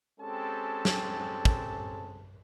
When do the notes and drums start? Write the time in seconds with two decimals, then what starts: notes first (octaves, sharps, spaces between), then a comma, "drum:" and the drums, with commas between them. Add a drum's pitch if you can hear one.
0.20 G#3 C4 C#4 G4 A4 A5
0.85 drum: snare
1.45 drum: kick